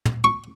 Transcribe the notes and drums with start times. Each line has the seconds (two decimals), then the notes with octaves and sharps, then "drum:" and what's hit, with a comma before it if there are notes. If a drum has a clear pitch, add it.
0.05 drum: tom
0.24 C#6